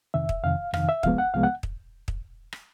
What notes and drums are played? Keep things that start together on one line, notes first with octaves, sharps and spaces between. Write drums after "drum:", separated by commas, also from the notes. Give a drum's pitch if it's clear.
F2 C3 D#3 E5
drum: kick
F2 C3 D#3 F5
F2 C3 D#3 F5, drum: rim click
E5
C2 C3 F3 G#3 B3 F5, drum: kick
F#5
C2 C3 F3 G#3 B3 F5
F#5
drum: kick
drum: kick
drum: rim click